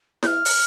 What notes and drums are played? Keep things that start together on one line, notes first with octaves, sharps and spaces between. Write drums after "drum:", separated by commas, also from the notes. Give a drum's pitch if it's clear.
G6, drum: snare E4
F6
drum: open hi-hat